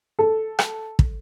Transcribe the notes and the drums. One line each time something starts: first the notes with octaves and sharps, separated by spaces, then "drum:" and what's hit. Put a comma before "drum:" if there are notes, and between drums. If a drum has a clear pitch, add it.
A4
drum: rim click
drum: kick